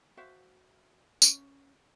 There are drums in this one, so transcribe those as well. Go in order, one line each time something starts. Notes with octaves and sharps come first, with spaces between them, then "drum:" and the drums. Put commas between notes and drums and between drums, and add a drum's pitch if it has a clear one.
F#4 C5 E5 F5
C#4, drum: tambourine